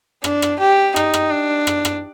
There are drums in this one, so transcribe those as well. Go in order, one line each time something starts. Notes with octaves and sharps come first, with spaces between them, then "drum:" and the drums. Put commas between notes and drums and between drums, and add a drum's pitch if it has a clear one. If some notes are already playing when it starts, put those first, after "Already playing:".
D4, drum: rim click
drum: rim click
G4
D#4, drum: rim click
drum: rim click
D4
drum: rim click
drum: rim click